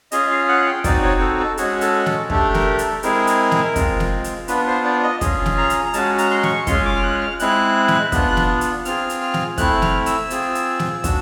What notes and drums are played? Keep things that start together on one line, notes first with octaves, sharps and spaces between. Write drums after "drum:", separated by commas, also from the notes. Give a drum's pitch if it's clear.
C#4 F4 G#4 D#5, drum: hi-hat
F5
F#5
G5
C4 D#4 F#4 D5, drum: kick, hi-hat
C#5
A4
A4
G#3 C#4 F#4 G#4, drum: hi-hat
A4, drum: hi-hat
A4, drum: snare
A3 D4 G4 A4, drum: kick
A#4, drum: snare
A#4
A4, drum: hi-hat
G#3 C4 E4 G#4 A#4, drum: hi-hat
drum: hi-hat
drum: snare
G#3 C4 F4, drum: kick, hi-hat
drum: snare
drum: hi-hat
B3 D4 F4 B4, drum: hi-hat
C5
D5
D#5
C#4 F4 G#4, drum: kick, hi-hat
drum: snare
A#5
drum: hi-hat
A#5
G#3 C#4 F#4 A5, drum: hi-hat
A#5, drum: hi-hat
C6
C#6, drum: snare
G#3 C#4 F4 C6, drum: kick, hi-hat
D6
F6
F#6
F6
G#3 C4 E4 F#6, drum: hi-hat
drum: snare
B3 D4 F4, drum: kick, hi-hat
drum: snare
drum: hi-hat
C4 F4 G#4 F6, drum: hi-hat
drum: hi-hat
F6
drum: snare
A3 C4 E4 F#6, drum: kick, hi-hat
F6, drum: snare
E6, drum: hi-hat
C4 F4 G#4, drum: hi-hat
drum: hi-hat
drum: snare
D4 F#4, drum: kick, hi-hat